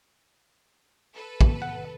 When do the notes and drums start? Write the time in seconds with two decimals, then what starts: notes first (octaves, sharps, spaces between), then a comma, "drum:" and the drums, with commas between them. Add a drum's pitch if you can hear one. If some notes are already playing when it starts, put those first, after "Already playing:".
1.16 A4 B4
1.41 drum: kick
1.62 F#5